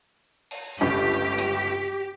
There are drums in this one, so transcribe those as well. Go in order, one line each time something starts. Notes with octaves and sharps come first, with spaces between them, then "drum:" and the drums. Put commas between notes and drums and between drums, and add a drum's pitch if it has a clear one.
drum: open hi-hat
G1 C#2 G2 G4
drum: hi-hat